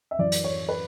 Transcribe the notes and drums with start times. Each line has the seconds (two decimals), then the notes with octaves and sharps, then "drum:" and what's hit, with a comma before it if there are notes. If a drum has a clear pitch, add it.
0.11 E5
0.19 F#2 E3 D5
0.32 drum: hi-hat
0.44 C#5
0.69 B4